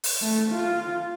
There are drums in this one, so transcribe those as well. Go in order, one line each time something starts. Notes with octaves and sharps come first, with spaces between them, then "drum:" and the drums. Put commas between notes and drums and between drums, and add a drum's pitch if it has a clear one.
drum: open hi-hat
A3
F4